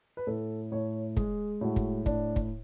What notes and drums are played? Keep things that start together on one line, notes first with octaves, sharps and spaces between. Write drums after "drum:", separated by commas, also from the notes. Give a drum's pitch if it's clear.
B4
A2 A4
A2 C#5
G#3 G#4, drum: kick
A2 F#4
drum: kick
A2 D4, drum: kick
drum: kick